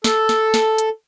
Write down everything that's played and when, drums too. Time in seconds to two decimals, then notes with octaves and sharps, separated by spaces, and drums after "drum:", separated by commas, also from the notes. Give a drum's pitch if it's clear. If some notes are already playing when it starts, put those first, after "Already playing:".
0.04 A4, drum: snare
0.29 drum: snare
0.54 drum: snare
0.78 drum: hi-hat